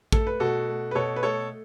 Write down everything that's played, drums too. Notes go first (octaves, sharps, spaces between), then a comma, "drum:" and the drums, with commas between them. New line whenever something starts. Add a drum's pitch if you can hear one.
A3 A4, drum: kick
B4
B2 F#4 A4
A3
B4
B2 A4 C#5
B4
A3 A4 C#5